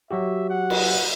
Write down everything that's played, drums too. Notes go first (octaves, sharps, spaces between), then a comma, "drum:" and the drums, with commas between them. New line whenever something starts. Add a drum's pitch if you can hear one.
F#3 F#4 G4 E5
F#5
drum: cymbal